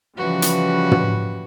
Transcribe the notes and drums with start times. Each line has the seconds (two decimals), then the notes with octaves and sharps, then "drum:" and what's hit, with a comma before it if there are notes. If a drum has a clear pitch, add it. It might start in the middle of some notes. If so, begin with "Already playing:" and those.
0.18 C#3 E3 F3 G3 F#4 B4
0.42 drum: hi-hat
0.92 drum: tom